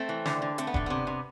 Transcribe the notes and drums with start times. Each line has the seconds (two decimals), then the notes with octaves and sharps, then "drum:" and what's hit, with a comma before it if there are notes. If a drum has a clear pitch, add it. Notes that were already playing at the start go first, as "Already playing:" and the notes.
Already playing: A3 C4
0.09 E3
0.26 D3, drum: snare
0.42 D3
0.58 A3 C4, drum: hi-hat
0.67 B3
0.74 D3 A3, drum: kick E1
0.86 C3 B3
1.07 C3